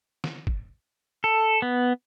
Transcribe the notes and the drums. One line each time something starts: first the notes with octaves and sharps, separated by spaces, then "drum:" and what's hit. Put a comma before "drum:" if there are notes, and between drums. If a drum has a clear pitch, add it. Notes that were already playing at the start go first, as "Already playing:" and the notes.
drum: snare
drum: kick
A4
B3